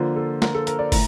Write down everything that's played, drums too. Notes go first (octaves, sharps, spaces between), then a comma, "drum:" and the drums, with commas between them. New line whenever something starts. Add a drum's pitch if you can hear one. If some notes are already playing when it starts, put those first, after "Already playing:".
Already playing: D3 F3 A#3 F4 C5
A4
A#4, drum: snare
A4
A#4, drum: hi-hat
D5
A2 A#5, drum: kick, open hi-hat